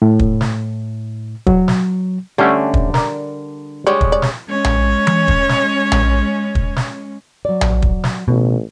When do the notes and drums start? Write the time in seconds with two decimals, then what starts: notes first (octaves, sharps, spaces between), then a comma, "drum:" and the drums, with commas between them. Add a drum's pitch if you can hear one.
0.02 A2
0.19 drum: kick
0.41 drum: snare
1.47 F#3, drum: kick
1.68 drum: snare
2.38 D3 G3 A3 C#4
2.74 drum: kick
2.94 A#4 D5, drum: snare
3.87 G3 G#3 C#4 D5
4.01 drum: kick
4.12 D5
4.22 drum: snare
4.50 G#3 C#4 C#5
4.64 drum: tom A#1
5.07 drum: tom E3
5.28 drum: kick
5.49 drum: snare
5.92 drum: tom A#1
6.55 drum: kick
6.76 drum: snare
7.45 F#3 D5
7.61 drum: tom A#1
7.82 drum: kick
8.04 drum: snare
8.28 A1 B2